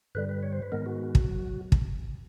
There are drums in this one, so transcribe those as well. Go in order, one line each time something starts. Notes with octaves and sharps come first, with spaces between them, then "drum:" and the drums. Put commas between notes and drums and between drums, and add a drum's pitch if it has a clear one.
G2 D3 G3 B4
B4
C#5
C5
B4
G#2 D#3 G#3 B3 A#4
F#4
drum: kick
F#3
drum: kick